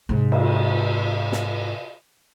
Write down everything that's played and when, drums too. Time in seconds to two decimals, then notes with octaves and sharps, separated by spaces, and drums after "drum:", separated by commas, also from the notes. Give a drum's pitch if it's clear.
0.09 G#2 C3
0.32 drum: cymbal
1.32 drum: snare